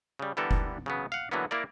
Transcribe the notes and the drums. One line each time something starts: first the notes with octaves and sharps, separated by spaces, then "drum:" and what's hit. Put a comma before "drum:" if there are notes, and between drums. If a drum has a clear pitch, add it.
C#3 G3
D3 E3 G3 B3 A4 A#4
drum: kick F1
C#3 F#3 B3
F5 F#5
D3 E3 F#3 A#3 B3
A#3 E4 A#4 D5